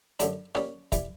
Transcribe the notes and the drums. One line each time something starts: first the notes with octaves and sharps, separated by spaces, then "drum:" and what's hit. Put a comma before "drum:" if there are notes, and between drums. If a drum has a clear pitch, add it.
F#2 D3 G3 D4, drum: hi-hat
A#2 G3 C#4, drum: rim click
E3 G3, drum: kick, hi-hat